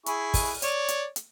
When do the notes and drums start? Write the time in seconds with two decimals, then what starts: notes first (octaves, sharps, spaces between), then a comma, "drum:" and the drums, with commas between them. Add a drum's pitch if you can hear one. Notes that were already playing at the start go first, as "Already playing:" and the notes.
0.06 E4 G#4 C#6, drum: hi-hat
0.34 drum: kick, open hi-hat
0.62 C#5 D5, drum: hi-hat
0.88 drum: hi-hat
1.16 drum: hi-hat